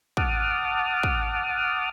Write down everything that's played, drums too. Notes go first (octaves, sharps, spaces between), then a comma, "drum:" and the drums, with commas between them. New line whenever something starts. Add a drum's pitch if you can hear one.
F#5 A5 D6 D#6 F6, drum: kick
drum: kick